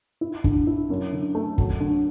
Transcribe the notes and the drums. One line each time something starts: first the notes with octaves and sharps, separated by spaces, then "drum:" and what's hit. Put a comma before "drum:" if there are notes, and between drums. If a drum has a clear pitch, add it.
E4
D3, drum: kick
E4
F#2
D3
A3
F#3, drum: kick
D3